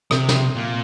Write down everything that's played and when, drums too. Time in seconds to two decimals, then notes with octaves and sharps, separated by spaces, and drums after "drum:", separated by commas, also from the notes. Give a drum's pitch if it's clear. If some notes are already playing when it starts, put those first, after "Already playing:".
0.11 C3, drum: rim click
0.29 drum: snare
0.55 A#2